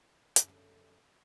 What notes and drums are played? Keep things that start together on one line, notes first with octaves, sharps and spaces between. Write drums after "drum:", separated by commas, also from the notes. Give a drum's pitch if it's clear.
F#2 D3 G3 E5, drum: hi-hat